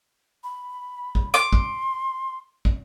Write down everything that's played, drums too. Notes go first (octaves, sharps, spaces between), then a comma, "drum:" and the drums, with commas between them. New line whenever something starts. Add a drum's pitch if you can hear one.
B5
drum: kick
C6 D6
drum: kick
drum: kick